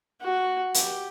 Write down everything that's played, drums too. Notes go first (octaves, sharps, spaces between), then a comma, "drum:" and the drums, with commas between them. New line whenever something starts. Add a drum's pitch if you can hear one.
F#4
G4, drum: hi-hat